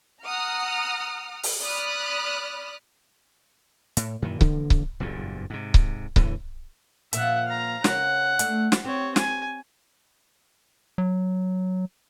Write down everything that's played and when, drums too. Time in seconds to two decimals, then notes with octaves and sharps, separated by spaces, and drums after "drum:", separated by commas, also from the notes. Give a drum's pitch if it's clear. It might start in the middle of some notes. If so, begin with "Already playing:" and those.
0.25 F#5 A#5 D#6 F6
1.43 drum: open hi-hat
1.63 D5 B5 D#6 F6 F#6
3.97 A2, drum: hi-hat
4.22 F#2 A#2 D#3 E3
4.41 C#3 E3 F3 A#3, drum: kick C#1
4.70 drum: kick C#1
5.00 F#1 E2 G2 A#2
5.50 G#2 C3
5.74 drum: kick C#1
6.16 E2 A2 D3 E3, drum: kick C#1
7.13 A#2 F3 E5 F#5, drum: hi-hat
7.46 F5 A#5
7.84 C#3 C#4 A#4 F#5, drum: snare
8.39 A3 D4, drum: hi-hat
8.72 drum: snare
8.85 C4 G4 C#5
9.16 G#5, drum: snare
10.98 F#3